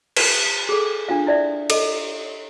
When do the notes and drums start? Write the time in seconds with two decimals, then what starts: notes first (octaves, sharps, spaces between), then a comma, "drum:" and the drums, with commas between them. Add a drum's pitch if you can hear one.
0.17 B4, drum: cymbal
0.69 G#4 A4
1.09 D4 F4 F5
1.27 E4 D5 E5
1.70 A4 D#5, drum: cymbal